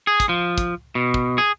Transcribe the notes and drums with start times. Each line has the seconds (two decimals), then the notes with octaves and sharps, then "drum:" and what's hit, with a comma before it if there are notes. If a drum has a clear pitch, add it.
0.07 G#4
0.20 drum: kick, hi-hat
0.29 F3
0.58 drum: kick, hi-hat
0.95 B2
1.14 drum: kick
1.38 G#4